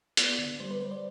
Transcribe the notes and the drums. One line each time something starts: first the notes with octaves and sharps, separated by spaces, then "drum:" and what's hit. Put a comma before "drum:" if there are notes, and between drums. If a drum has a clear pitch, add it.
B3 D5, drum: hi-hat
D3
G3 C5
B4
G3 C5
D5